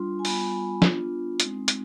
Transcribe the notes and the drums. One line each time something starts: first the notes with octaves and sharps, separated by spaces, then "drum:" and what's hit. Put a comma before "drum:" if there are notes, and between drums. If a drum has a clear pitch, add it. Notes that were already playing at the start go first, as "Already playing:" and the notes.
Already playing: G3 D4 F4 C6
G#5
G3 B3 F4 B5, drum: open hi-hat
B3 D4 F4, drum: snare
G#3 C4 D#4, drum: hi-hat
drum: hi-hat